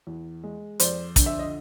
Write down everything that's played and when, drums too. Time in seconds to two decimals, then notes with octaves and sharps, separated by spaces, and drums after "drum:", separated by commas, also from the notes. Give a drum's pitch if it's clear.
0.07 E2
0.44 G#3
0.80 F2 C5 D5, drum: hi-hat
1.16 D3, drum: kick, hi-hat
1.26 E5
1.39 D#5